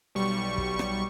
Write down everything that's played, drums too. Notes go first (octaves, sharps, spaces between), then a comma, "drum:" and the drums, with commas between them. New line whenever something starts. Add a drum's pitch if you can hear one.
B1 G3 C#6
drum: kick
drum: rim click